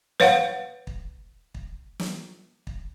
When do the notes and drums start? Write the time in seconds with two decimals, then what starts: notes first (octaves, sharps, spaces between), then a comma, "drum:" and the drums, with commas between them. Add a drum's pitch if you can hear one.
0.20 B4 C#5 F5 F#5, drum: snare
0.87 drum: kick
1.55 drum: kick
1.99 drum: snare
2.67 drum: kick